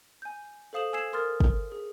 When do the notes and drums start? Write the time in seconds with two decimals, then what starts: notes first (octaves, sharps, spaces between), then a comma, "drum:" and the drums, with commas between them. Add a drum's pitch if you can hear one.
0.22 G#5 G6
0.73 A4 C5 F5 D#6 E7 F#7
0.93 G#5 E6 G#6 C7 E7 F#7
1.13 A#4 C6 D#6 F6 A6
1.40 drum: kick
1.72 G#4